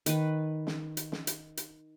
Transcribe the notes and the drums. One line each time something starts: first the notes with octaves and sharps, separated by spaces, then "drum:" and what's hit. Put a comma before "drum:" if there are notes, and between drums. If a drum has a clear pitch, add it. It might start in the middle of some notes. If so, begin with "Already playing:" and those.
D#3 B4, drum: hi-hat
drum: snare
drum: hi-hat
drum: snare
drum: hi-hat
drum: hi-hat